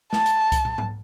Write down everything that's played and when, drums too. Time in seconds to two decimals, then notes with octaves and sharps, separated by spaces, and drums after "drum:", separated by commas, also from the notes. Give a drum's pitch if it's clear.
0.13 A5, drum: snare
0.26 drum: hi-hat
0.52 drum: kick C2, hi-hat
0.65 drum: tom
0.78 drum: tom G#2